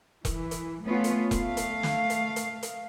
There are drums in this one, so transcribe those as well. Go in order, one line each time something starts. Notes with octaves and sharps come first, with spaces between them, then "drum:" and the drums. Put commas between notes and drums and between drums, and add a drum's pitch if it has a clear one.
E3, drum: kick E1, hi-hat
drum: hi-hat
A3 B3 C#4 F4
drum: hi-hat
A3 F5, drum: kick E1, hi-hat
drum: hi-hat
drum: snare
drum: hi-hat
drum: hi-hat
drum: hi-hat